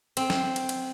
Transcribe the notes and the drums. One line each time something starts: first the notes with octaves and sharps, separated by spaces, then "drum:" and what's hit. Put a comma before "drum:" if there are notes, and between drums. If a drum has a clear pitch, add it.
C4, drum: cymbal
drum: snare
drum: cymbal
drum: cymbal